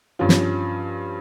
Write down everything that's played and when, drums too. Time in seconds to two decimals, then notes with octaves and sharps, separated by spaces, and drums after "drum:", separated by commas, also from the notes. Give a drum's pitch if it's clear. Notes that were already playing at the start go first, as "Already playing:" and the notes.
0.19 G2 F3 C#4 F4
0.29 drum: snare